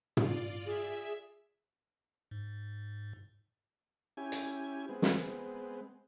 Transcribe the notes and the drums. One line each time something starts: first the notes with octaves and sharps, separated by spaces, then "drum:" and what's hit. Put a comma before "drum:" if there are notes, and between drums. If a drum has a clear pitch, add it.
F4 D5, drum: tom
G#4 E5
G#2
C#4 E4 G4 G#5
drum: hi-hat
G#3 B3 C4
drum: snare